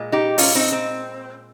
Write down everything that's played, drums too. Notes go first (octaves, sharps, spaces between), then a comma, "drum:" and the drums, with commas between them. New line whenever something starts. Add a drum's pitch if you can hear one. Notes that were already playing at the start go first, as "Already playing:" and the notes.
Already playing: A#2 G#3
D#4 G4
C#4 F4, drum: open hi-hat
C4 D#4
C4